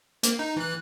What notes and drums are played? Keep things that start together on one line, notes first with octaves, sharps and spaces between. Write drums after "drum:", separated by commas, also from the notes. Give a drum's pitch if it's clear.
A#3, drum: hi-hat
D#4
E3 F#6